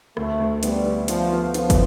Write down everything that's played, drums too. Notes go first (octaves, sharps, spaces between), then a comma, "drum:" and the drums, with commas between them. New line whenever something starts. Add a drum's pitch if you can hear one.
D2 A3, drum: rim click
D2
G3 B3, drum: hi-hat
B3
F3 B3, drum: hi-hat
B3
F3 B3, drum: hi-hat
drum: kick, hi-hat